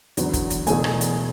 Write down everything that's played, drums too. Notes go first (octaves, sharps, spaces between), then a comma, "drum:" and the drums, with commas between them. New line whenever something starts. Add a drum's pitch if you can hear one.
E2 D3 F#3 B3, drum: hi-hat
drum: kick, hi-hat
drum: hi-hat
E1 E2 B2 A3 G#4 G#5, drum: hi-hat
drum: rim click
drum: hi-hat